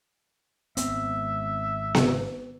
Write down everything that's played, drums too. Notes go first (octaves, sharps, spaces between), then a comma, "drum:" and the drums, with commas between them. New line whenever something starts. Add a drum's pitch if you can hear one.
G#1 B3 C4 E5, drum: hi-hat
drum: snare B3